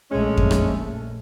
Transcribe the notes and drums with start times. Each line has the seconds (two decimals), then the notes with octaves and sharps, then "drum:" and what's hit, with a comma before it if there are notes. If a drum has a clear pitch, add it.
0.11 A#1 G#3 A3 C#4
0.37 drum: kick F2
0.51 drum: rim click